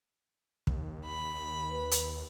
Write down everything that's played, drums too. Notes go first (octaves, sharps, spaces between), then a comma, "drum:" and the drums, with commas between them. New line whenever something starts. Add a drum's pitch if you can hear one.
D#2, drum: kick
B5
B4
drum: hi-hat